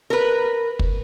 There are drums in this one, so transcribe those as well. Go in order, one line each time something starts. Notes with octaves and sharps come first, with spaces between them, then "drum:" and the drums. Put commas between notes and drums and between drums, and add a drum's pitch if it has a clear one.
A#4 B4
drum: kick